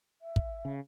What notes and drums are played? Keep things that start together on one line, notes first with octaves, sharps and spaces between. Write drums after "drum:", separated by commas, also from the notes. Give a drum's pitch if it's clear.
E5
drum: kick
C#3